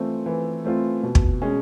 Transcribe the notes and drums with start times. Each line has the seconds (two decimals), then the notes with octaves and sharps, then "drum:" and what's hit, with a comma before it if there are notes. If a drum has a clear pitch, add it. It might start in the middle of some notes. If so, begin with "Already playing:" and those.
Already playing: E3 A3 C4 F4
0.26 E3
0.65 A3 C4 F4
1.03 B2
1.15 drum: kick
1.42 G#3 C#4